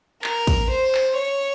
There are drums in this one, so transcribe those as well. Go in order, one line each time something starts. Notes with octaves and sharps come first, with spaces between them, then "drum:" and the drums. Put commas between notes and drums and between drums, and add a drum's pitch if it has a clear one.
A#4, drum: clap
drum: kick, cymbal
C5
drum: clap
C#5